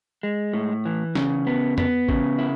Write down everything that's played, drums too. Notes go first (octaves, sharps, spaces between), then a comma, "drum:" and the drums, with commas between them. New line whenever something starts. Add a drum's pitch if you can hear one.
G#3
A2
E3
C#3, drum: snare
B3
B3, drum: tom
C#3, drum: kick G#1
E4